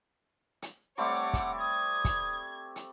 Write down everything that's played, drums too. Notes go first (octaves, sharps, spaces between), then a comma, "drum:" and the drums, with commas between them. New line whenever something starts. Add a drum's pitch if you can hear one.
drum: hi-hat
G3 A3 C4 C#5 F#5 D6
drum: kick, hi-hat
D#6 G#6
drum: kick, hi-hat
drum: hi-hat